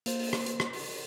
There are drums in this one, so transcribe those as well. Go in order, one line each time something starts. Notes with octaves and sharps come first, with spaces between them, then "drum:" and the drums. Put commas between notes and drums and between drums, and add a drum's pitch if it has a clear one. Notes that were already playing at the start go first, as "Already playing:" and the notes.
A#3 C5, drum: hi-hat
drum: open hi-hat
drum: rim click
drum: hi-hat
drum: rim click
drum: open hi-hat